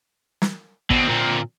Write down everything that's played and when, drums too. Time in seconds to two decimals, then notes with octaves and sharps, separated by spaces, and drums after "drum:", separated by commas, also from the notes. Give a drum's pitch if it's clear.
0.42 drum: snare
0.90 B2 D3 C4, drum: kick
1.09 A#2